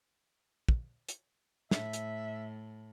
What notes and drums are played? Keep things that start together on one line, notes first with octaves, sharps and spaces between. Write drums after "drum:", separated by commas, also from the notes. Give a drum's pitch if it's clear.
drum: kick
drum: hi-hat
A2 E5, drum: snare
drum: hi-hat